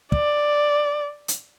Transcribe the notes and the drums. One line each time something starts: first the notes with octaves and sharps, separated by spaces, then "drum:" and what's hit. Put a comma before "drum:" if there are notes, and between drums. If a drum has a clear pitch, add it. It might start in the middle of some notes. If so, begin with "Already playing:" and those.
D5, drum: kick
drum: hi-hat